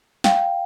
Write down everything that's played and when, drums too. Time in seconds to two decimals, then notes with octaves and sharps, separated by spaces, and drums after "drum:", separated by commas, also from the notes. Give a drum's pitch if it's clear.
0.24 F5 G5, drum: snare